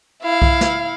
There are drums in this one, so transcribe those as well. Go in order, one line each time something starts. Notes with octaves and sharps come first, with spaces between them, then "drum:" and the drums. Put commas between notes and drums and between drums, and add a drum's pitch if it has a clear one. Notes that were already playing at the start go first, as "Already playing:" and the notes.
E4 F5
drum: kick B1
drum: snare